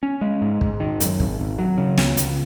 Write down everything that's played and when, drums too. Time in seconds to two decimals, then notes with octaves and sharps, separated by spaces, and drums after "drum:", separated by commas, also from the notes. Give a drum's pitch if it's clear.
0.03 C#4
0.21 G#3
0.42 G#2
0.61 G#2, drum: kick
0.80 D#3
1.00 F#2, drum: hi-hat
1.20 G#1, drum: kick
1.40 G#1
1.59 F#3
1.78 C#3
1.97 C#2, drum: snare
2.17 C#2, drum: hi-hat